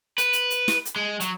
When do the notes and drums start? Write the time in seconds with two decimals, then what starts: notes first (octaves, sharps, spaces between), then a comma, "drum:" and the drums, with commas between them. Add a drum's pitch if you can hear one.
0.18 B4, drum: hi-hat
0.33 drum: hi-hat
0.50 drum: hi-hat
0.68 drum: snare
0.85 drum: hi-hat
0.96 G#3
1.20 F#3, drum: hi-hat